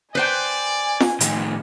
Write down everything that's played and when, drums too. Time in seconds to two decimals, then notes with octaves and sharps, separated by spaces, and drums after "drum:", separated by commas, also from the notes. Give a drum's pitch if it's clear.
0.15 B4 C5 D5 G5 G#5
1.00 drum: snare
1.20 A2 D#3, drum: hi-hat